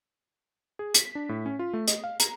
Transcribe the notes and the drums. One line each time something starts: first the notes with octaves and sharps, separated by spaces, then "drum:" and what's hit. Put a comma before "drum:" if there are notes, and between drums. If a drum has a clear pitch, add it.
G#4
B6, drum: hi-hat
D4
A2
C#4
F4
A3
D#5, drum: hi-hat
F5
A#5, drum: hi-hat